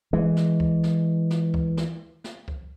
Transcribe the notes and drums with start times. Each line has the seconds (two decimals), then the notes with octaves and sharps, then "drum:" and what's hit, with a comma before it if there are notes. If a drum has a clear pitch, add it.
0.13 E3 G#3
0.37 drum: snare
0.60 drum: kick C#2
0.83 drum: snare
1.30 drum: snare
1.54 drum: kick C#2
1.77 drum: snare
2.24 drum: snare
2.48 drum: kick C#2